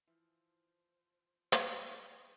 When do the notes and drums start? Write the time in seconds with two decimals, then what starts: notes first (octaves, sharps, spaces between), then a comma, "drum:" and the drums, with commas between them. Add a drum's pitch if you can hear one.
0.08 E3 F3 E4 C5 E6 F6
1.52 drum: hi-hat